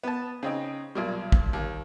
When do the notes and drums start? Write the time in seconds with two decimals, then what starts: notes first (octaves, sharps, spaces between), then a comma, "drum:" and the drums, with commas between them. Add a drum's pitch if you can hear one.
0.03 B3 A5
0.43 C#3 C4 D#4
0.95 B1 A#2 G3
1.32 drum: kick
1.53 D#2